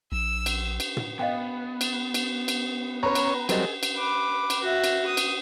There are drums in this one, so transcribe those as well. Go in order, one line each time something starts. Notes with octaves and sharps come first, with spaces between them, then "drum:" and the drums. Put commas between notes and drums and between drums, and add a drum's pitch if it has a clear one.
A#1 E6 E7
drum: cymbal
drum: cymbal
drum: tom
B3 D#5 F5 G5
drum: cymbal
drum: cymbal
drum: cymbal
C#4 B4 C#5 A#5
drum: cymbal
F#3 G3 C4 G4 G#4 A#4 D#5, drum: cymbal
drum: cymbal
B4 D6
drum: cymbal
F#4 E5
drum: cymbal
D#6
drum: cymbal